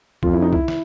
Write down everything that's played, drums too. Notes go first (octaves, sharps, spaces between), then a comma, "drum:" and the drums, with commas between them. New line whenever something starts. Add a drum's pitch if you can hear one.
F2 F4, drum: kick
E4
D#4
E4, drum: kick
drum: snare